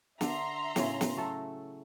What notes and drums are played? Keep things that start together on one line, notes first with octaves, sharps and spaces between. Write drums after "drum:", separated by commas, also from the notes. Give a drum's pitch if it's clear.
D3 E5 A#5 C6, drum: snare
A2 C#3, drum: snare
drum: snare
F#3 A3 A4